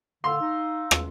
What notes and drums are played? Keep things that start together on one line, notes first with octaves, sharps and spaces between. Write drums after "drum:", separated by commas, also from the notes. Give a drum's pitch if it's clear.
D3 F5 C6 E6
D#4
drum: rim click